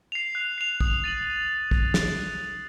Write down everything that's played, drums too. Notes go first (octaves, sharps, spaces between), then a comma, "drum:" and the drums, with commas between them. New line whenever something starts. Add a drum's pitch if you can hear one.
C7 F7
F#6
C7 F7
D#6, drum: kick
A6 D#7 F#7
drum: kick
drum: snare